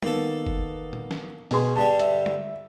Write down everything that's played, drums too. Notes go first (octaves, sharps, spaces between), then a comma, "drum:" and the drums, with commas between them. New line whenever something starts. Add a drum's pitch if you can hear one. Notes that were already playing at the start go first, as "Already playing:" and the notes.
D#3 A#3 B3 A4, drum: tom
drum: kick F#1
drum: tom
drum: snare
B2 G#4 C6, drum: open hi-hat
G2 D3 G3 A5
E5, drum: hi-hat
drum: tom